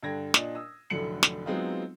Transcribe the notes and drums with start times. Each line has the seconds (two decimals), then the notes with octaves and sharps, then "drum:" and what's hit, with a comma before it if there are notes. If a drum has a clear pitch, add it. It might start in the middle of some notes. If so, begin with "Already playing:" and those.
0.03 G2 D3 G5 G#6 A#6
0.34 A#2 D4 D#5, drum: snare
0.55 D#6 E6
0.90 F1 A2 D3 F#3 C#7 F#7
1.23 drum: snare
1.46 F#3 G#3 B3 C4 D#4 F4